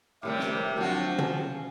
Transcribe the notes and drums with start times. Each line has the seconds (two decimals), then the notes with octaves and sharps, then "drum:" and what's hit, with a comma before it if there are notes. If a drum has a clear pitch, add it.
0.23 A2 C3 G3 A3 G4 A#4
0.39 drum: snare
0.78 F3 F#3 C4 D4 F#4
1.18 C#4, drum: tom